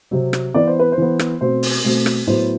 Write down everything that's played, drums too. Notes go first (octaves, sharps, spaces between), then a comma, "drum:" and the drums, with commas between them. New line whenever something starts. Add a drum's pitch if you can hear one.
C3 F#3 C4
drum: rim click
E3 B3 D5
C5
B4
C5
E3 B3
drum: rim click
B2 A3 C4 C5
drum: open hi-hat
B2 A3 C4
drum: rim click
A2 F#3 B3 C5